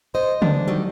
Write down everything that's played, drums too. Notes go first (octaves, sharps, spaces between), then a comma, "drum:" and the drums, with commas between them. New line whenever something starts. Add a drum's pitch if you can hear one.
C5 D#5
D4, drum: tom C#3
D#3 F#3 G3